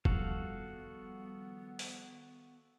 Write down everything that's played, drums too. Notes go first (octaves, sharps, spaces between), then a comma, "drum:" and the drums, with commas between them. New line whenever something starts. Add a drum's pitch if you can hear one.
D#3 F3 G3 B3 F#4 A4 F5, drum: kick F1
drum: open hi-hat